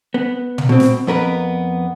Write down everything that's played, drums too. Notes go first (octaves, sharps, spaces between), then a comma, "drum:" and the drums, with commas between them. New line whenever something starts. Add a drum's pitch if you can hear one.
B3
drum: tom
B2 C4
drum: snare
F2 B3 A#4 B4